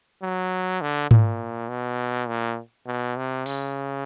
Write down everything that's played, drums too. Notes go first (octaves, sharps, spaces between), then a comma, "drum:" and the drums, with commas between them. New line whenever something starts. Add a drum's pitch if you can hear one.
F#3
D3
A#2, drum: tom G#2
B2
A#2
B2
C3
C#3, drum: open hi-hat